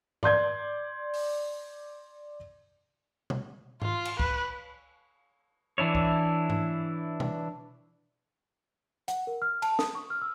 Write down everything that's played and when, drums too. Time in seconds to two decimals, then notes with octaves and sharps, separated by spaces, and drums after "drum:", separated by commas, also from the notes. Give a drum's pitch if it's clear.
0.23 D5 C6 G6 G#6, drum: tom G#2
1.14 drum: open hi-hat
3.30 drum: tom B2
3.82 F4, drum: tom G#2
4.05 drum: cymbal
4.20 B4, drum: kick
5.78 E3 D4 E4 C#5
5.95 drum: kick
6.50 drum: tom G#2
7.20 drum: tom B2
9.08 F#5, drum: hi-hat
9.27 A#4
9.42 F6
9.62 A5, drum: cymbal
9.79 D#6, drum: snare
9.95 C#6
10.10 F6
10.22 E6